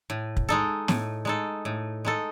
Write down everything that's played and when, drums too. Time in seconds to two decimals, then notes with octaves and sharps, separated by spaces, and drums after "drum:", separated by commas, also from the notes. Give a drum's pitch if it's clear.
0.10 A2
0.37 drum: kick
0.49 G#3 D#4 A4
0.88 A2, drum: snare
1.25 G#3 D#4 A4
1.65 A2
2.05 G#3 D#4 A4